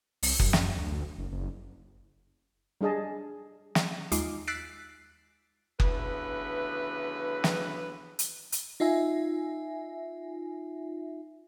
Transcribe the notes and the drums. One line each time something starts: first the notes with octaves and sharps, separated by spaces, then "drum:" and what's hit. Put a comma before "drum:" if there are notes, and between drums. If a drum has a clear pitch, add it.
C2, drum: open hi-hat
F#2, drum: kick F#1
drum: snare
D2
F#1
F#1
G3 D4 G#4 D#5 A5
drum: snare
D#2 G#3 D#4 F4 D6 C7, drum: hi-hat
E6 F#6 A6 B6 C7 D7
D2 C#3 E3 B3 B4, drum: kick F#1
drum: snare
drum: hi-hat
drum: hi-hat
D#4 F4 E5 G#5